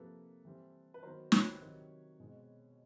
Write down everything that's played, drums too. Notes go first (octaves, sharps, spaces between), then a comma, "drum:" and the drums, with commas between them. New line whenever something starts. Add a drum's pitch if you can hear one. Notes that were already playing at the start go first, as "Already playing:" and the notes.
Already playing: C3 F3 A#3 A4 B4
E3 G3 C4
B4
D#3 F#3 B3 A#4 C5
B4 C#5, drum: snare
C3 D#3 F#3
B2 G#3 C4